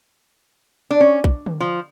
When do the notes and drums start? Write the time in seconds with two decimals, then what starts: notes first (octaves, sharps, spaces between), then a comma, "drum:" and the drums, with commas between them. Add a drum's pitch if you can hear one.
0.91 D4
1.00 C#4
1.24 drum: kick
1.46 drum: tom D3
1.60 F3